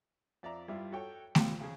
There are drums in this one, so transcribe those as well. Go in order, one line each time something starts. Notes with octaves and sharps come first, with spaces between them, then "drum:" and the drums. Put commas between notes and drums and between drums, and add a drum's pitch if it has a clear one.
F2 D5 E5 A#5
G2 G3 E4 F4 E5
F#4 A4 C#5 G5
F2 G3 G4, drum: snare A3
C#3 G#4